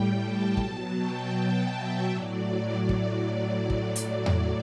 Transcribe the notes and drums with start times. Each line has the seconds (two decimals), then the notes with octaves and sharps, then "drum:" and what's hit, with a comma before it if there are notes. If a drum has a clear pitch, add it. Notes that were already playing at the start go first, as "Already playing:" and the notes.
Already playing: A2 G3 G5
0.18 A5
0.57 B2 F#3, drum: kick
0.95 G5
1.71 E5
2.09 A2 F#3 D5
2.89 drum: kick
3.70 drum: kick
3.96 drum: hi-hat
4.26 drum: tom E2